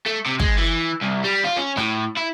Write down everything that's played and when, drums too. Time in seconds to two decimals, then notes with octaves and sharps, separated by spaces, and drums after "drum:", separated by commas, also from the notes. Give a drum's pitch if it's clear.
0.06 A3
0.26 C3
0.40 G#3, drum: kick
0.58 E3
1.01 C2
1.24 G3
1.44 F4
1.57 C#4
1.77 A2, drum: rim click
2.17 E4